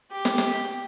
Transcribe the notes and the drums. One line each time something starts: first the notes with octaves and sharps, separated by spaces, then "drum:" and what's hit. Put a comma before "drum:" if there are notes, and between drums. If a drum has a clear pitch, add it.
G4
drum: snare
drum: snare